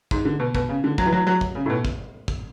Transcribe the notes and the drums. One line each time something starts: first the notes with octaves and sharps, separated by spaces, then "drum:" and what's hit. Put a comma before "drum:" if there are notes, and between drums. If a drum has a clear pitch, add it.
G#2, drum: kick
D3
B2
B2, drum: kick
C#3
D3
F#3, drum: kick
E3
F#3
F#3
drum: kick
C#3
A2
B2
drum: kick
drum: kick